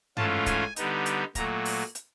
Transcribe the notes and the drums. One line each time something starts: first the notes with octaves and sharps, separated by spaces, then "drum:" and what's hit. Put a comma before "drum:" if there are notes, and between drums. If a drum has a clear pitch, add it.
G#2 E3 A3 C#4 F4 A5, drum: tom G2
G#5, drum: kick, hi-hat
D3 G3 B3 D#4, drum: hi-hat
drum: hi-hat
A#2 F#3 A3 A#5, drum: kick, hi-hat
drum: open hi-hat
drum: hi-hat